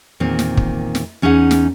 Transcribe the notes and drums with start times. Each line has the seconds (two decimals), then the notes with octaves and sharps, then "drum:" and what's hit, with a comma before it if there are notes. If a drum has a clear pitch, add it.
0.20 E2 A#2 D#3 C4
0.39 drum: snare
0.57 drum: kick
0.95 drum: snare
1.22 E2 C#4 D#4 G#4 F#5
1.51 drum: snare